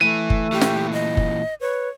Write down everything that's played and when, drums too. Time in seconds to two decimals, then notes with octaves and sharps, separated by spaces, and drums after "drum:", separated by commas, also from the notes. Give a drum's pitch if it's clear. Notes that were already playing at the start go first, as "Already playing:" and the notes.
0.01 E3 A3 D#7
0.30 drum: kick F#1
0.52 A#2 E3 G4
0.61 drum: snare
0.93 D#5
1.17 drum: kick F#1
1.61 B4 C#5